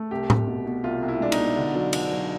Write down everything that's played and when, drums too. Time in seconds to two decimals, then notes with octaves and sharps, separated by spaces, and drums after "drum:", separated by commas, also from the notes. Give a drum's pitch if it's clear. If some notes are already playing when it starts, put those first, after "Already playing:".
Already playing: A3
0.11 C2 G4
0.30 C2, drum: tom A2
0.47 B2
0.66 B2
0.84 C2 F4
1.02 C2
1.08 E4
1.20 G#3 D4
1.32 D#4, drum: cymbal
1.38 B2
1.57 D3
1.75 F#3
1.93 D3, drum: cymbal
2.11 F#3